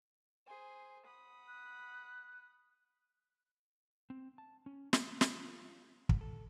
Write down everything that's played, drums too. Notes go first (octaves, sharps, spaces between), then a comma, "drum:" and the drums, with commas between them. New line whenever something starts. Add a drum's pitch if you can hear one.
G#4 C5 G#5
F#5 B5 D#6
F#6
C4
A5
C#4
A#3, drum: snare
F4, drum: snare
G#2, drum: kick
A4